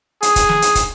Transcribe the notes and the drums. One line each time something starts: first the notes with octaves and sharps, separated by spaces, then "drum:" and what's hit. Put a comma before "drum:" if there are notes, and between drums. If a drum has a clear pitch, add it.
G#4, drum: hi-hat
drum: kick, hi-hat
drum: snare
drum: hi-hat
drum: kick, hi-hat